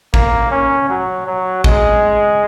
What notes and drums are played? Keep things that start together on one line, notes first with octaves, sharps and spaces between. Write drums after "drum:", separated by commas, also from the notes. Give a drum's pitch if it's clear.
A#3, drum: kick
C#4
F#3
F#3
G#3, drum: kick